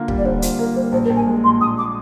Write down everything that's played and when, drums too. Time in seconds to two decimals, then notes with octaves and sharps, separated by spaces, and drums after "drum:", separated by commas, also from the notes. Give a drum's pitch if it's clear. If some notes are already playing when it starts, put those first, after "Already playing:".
Already playing: D3 A#3 F4
0.08 G3, drum: kick
0.18 D5
0.24 D3 C5
0.42 F4, drum: hi-hat
0.58 A#3 A#4
0.75 G3 C5
0.92 A#1 C5
1.04 A#4
1.10 A#1
1.16 G#5
1.27 G#3
1.44 A#2 C6
1.60 A#1 D#6
1.78 D6